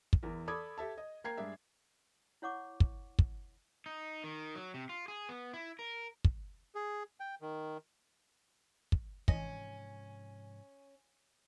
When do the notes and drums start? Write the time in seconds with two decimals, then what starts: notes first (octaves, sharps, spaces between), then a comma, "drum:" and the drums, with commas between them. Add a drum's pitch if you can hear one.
0.13 drum: kick
0.23 E2 E3 A#4
0.48 A4 D5 B5 D6 D#6 G#6
0.78 G4 A4 E5 A5
0.98 D#5
1.24 A#3 A#4 G5 A#5 G#6 C7
1.37 G2 G#3 D4 E5
2.42 E4 C#5 F#5 C#6 D6
2.80 drum: kick
3.19 drum: kick
3.86 D#4
4.24 D#3
4.55 F#3
4.74 C3
4.89 F4
5.08 G#4
5.29 B3
5.53 E4
5.79 A#4
6.24 drum: kick
6.75 G#4
7.20 G5
7.41 D#3
8.92 drum: kick
9.28 G#2 C3 E3 F3 C#4 D#5, drum: kick